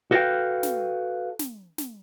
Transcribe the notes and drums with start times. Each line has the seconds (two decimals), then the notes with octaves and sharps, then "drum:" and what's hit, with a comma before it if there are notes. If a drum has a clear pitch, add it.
0.11 F#4 A4 B4 D5 F5 G5
0.63 drum: snare
1.39 drum: snare
1.78 drum: snare